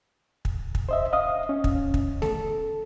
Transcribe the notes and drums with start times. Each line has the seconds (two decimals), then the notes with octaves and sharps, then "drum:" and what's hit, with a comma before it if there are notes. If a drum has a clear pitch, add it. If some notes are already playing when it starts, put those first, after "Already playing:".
0.45 drum: kick
0.75 drum: kick
0.89 C5 D#5 E5
1.13 D#5 F5 D#6
1.49 C#4
1.64 drum: kick
1.94 drum: kick
2.22 A4, drum: snare A3